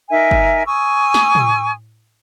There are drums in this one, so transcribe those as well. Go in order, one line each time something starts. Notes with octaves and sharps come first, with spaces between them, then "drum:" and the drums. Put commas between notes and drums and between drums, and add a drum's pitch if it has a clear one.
D#4 A#4 E5 G#5
drum: kick G1
G#5 C#6 D#6 E6
drum: snare
drum: tom